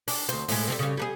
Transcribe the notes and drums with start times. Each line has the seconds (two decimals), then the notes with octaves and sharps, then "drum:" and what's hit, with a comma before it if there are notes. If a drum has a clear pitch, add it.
0.08 D4, drum: open hi-hat
0.29 D2 C4, drum: hi-hat
0.48 A2 G#3, drum: open hi-hat
0.68 G3 G#3 C4
0.79 C#3 G3
0.97 G3 D4 G#4